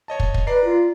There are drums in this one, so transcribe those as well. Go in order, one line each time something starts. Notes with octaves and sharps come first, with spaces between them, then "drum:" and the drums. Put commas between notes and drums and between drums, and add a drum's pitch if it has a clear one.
C#5 D#5 A5
drum: kick
drum: kick
B4 D5 A#5 C7
F4